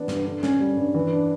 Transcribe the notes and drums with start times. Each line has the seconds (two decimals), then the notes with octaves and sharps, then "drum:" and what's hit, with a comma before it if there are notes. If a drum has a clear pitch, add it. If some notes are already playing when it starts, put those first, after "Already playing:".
Already playing: E3 B3 D4
0.08 G2, drum: snare
0.26 D3
0.43 C#4, drum: snare
0.60 G3
0.77 G2
0.94 E3
1.13 D4